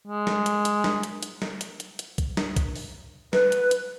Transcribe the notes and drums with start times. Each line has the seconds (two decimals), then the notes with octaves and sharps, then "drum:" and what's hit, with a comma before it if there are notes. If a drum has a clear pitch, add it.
0.08 G#3
0.27 drum: snare
0.46 drum: hi-hat
0.65 drum: hi-hat
0.84 drum: snare
1.03 drum: hi-hat
1.23 drum: hi-hat
1.42 drum: snare
1.61 drum: hi-hat
1.80 drum: hi-hat
1.99 drum: hi-hat
2.18 drum: kick B1, hi-hat
2.37 drum: snare
2.56 drum: kick B1, hi-hat
2.76 drum: open hi-hat
3.33 B4, drum: snare
3.52 drum: hi-hat
3.71 drum: hi-hat